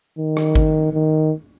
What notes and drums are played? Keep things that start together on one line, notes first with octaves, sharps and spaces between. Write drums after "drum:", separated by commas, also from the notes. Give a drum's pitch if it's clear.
D#3
drum: rim click
drum: kick G#1
D#3